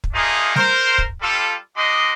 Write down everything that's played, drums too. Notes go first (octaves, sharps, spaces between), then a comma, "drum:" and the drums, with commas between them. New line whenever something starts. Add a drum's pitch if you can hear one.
drum: kick
A3 A#3 D4 D#4 F4 G#4
A#4 C5, drum: snare G3
drum: kick
G3 F4 A4
G#3 D#4 F#4 D#5 C6 D6